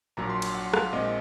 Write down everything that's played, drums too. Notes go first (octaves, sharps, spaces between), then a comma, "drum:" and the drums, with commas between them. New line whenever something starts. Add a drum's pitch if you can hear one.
A#1 A#2 F#3 A#5
C6
C6, drum: cymbal
F#5
F5, drum: rim click
A#1 A#2 G#3 C4 D#5